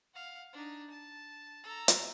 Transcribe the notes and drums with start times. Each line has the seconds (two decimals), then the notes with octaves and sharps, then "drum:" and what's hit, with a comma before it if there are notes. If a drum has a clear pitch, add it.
0.14 F5 F#5
0.53 D4 D#4
0.90 A5
1.63 A4 A#5
1.88 drum: hi-hat